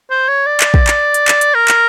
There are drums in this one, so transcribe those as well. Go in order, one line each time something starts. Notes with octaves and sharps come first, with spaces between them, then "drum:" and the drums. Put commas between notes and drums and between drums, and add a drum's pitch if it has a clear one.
C5
C#5
D5
drum: clap
drum: kick
drum: clap
drum: hi-hat
drum: clap
drum: hi-hat
A#4
drum: clap